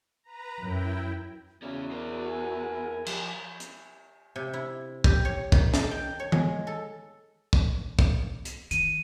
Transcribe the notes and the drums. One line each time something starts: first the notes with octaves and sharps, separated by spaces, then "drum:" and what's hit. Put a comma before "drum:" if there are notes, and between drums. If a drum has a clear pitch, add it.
B4 A#5
F#2 E4 G5
E2 C#4 F#4 G#4 D5
A#4 C5
G#5
F3 G4, drum: cymbal
drum: hi-hat
C3
E4
G4, drum: kick
C#5
D#3, drum: kick
A5, drum: snare
G5
C#5
G#3, drum: tom D#3
A4
drum: kick
drum: kick
drum: hi-hat
D#3 D#7, drum: hi-hat